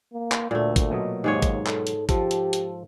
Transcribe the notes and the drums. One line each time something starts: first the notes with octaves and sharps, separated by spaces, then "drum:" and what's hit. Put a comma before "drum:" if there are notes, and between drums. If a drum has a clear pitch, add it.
A#3
drum: clap
D2 A#2 A3
drum: kick G#1, hi-hat
B2 F#3 D#5
D#2 G#2 G#3 C#5
drum: kick G#1, hi-hat
A4, drum: clap
drum: hi-hat
F3 G4 A4, drum: kick G#1, hi-hat
drum: hi-hat
drum: hi-hat